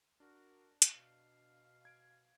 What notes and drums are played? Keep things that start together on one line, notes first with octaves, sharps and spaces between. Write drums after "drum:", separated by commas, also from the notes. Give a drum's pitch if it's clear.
D4 F#4 A#4
drum: hi-hat
B2 F5
G#6 D7